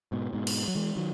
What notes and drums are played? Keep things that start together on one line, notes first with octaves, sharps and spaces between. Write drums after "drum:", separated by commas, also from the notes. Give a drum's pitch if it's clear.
G#2 B2
G#2 B2
drum: cymbal
F#3
E3 G#3
D#3 F#3